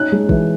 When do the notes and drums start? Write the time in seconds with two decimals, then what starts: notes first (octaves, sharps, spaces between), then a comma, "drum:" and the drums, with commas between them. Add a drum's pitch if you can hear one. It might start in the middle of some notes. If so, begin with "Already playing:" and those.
Already playing: C#4 D#4 F#6
0.12 G#3
0.29 E3, drum: kick